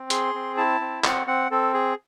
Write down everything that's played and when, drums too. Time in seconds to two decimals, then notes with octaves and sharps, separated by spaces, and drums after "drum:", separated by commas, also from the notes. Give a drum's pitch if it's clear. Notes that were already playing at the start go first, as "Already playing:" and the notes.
Already playing: C4
0.10 G#4 C6, drum: hi-hat
0.34 C4
0.57 E4 A5
0.80 C4
1.04 C4 F#5, drum: clap
1.27 C4 F#5
1.51 C4 A4
1.74 G#4